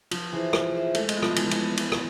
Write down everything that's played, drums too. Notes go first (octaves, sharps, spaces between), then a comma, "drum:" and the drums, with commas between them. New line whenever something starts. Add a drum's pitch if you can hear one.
F3 F4, drum: cymbal
E3 G#4 C5 E5
F4, drum: rim click
G#4 C5 E5
G#3 A3, drum: cymbal
G#3, drum: cymbal
B3 F4
F3, drum: rim click
E3 G#3, drum: cymbal
F3
E3, drum: cymbal
B3 F4
B3, drum: cymbal
drum: rim click